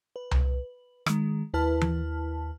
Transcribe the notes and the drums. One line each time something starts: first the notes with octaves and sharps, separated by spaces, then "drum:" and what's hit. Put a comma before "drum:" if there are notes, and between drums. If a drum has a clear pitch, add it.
B4
drum: tom C2
D#3 G#3, drum: rim click
D#2 E4 B4 A5 F6
drum: tom E3